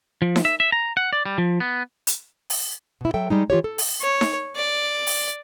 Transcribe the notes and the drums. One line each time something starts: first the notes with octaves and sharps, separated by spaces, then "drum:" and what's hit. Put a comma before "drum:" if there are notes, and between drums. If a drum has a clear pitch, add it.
F3
drum: snare D#4
E5
E5
A#5
F#5
D5
G3
F3
B3
drum: hi-hat
drum: open hi-hat
B2 E4
F#3 A4 E5 G5
G3 G#3 D#4
E3 F4 G4 C#5
A4
drum: open hi-hat
C#5
drum: snare D#4
D5
drum: open hi-hat